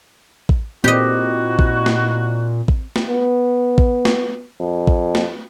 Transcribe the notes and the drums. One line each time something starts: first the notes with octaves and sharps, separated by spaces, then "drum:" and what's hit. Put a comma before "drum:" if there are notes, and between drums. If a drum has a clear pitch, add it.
drum: kick A1
A#2 C4 D#4 E4 F#4 G4 D#5
drum: kick A1
drum: snare
drum: kick A1
drum: snare
B3
drum: kick A1
drum: snare
F2
drum: kick A1
drum: snare